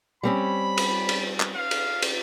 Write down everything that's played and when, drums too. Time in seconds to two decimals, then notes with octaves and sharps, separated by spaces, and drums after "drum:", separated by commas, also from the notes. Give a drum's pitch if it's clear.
0.23 G3 C4 C#4 B5
0.78 drum: cymbal
1.09 drum: cymbal
1.40 drum: clap
1.56 F5
1.71 drum: cymbal
2.02 drum: cymbal